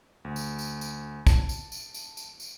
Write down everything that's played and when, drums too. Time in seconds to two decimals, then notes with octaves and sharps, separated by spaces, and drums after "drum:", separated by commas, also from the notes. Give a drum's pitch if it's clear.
0.25 D2
0.36 drum: tambourine
0.59 drum: tambourine
0.81 drum: tambourine
1.27 A5, drum: kick, tambourine
1.49 drum: tambourine
1.72 drum: tambourine
1.94 drum: tambourine
2.17 drum: tambourine
2.40 drum: tambourine